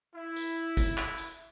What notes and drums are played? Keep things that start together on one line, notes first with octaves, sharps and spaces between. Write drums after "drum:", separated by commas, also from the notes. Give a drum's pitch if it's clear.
E4
drum: tambourine
drum: kick, tambourine
drum: clap
drum: tambourine